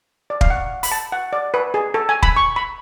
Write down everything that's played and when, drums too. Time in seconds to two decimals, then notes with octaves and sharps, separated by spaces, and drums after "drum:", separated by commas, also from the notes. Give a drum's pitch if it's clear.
0.30 D5
0.41 F5, drum: kick
0.50 F#5
0.83 B5, drum: open hi-hat
0.92 A5
1.12 F#5
1.33 D5
1.54 B4
1.74 G#4
1.94 A4
2.09 G#5
2.23 B5, drum: kick
2.36 C#6
2.56 B5